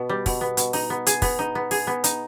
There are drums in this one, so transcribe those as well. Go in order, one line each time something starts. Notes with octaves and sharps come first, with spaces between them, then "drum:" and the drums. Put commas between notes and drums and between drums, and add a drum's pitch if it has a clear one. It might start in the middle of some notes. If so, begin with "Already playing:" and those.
Already playing: B2 B3
G3
B2, drum: kick, open hi-hat
B3
B2, drum: hi-hat
D#4, drum: open hi-hat
B3
G#4, drum: hi-hat
B3, drum: kick, open hi-hat
D#4
B3
G#4, drum: open hi-hat
B3
D#4, drum: hi-hat